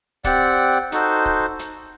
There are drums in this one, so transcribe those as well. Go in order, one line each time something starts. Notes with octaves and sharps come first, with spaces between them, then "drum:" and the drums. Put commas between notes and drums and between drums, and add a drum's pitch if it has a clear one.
C4 G4 D5 F#5, drum: kick C#1, hi-hat
D#4 F#4 A4 C5, drum: hi-hat
drum: kick C#1
drum: hi-hat